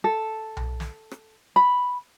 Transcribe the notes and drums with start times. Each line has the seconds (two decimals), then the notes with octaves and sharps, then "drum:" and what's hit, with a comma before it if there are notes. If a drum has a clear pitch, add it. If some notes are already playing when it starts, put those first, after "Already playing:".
0.04 A4
0.57 drum: tom B1
0.80 drum: snare
1.11 drum: rim click
1.56 B5